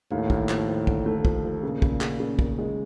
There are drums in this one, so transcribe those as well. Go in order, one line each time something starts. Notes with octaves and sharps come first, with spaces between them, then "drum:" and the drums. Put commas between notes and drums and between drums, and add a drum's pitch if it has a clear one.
D#2 A2
D#2, drum: kick
F3, drum: clap
F3
D3, drum: kick
A3
F3, drum: kick
F3
A#2 C#3
C#3, drum: kick
C#3, drum: clap
C#3
C#3, drum: kick
G#3